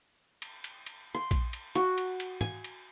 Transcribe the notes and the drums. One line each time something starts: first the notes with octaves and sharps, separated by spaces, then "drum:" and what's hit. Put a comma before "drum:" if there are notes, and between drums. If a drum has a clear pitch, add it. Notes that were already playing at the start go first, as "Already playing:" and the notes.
drum: cymbal
drum: cymbal
drum: cymbal
C6
drum: kick A#1, cymbal
drum: cymbal
F#4, drum: cymbal
drum: cymbal
drum: cymbal
G#5, drum: tom
drum: cymbal